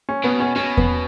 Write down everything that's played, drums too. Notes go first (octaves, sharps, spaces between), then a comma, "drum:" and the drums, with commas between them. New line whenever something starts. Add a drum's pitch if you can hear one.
C#4
B2 B3
C#4
B2 C#4
B3, drum: kick E2